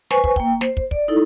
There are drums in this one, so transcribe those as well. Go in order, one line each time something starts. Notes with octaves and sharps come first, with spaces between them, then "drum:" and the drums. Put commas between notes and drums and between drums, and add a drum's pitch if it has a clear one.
B4 C5 G#5 C#6, drum: snare
drum: kick
A#3 G5, drum: kick
C5, drum: snare
drum: kick
D5, drum: kick
D#4 E4 A4